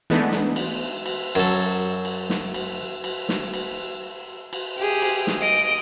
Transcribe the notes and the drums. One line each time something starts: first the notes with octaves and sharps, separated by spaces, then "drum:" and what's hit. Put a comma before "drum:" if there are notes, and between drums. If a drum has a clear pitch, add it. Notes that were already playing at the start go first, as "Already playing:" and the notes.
E3 G#3 A3 B3 D4 D#4
drum: snare
drum: cymbal
drum: cymbal
F#2 A4
drum: cymbal
drum: snare
drum: cymbal
drum: cymbal
drum: snare
drum: cymbal
drum: cymbal
G4 G#4
drum: cymbal
drum: snare
D#5 D7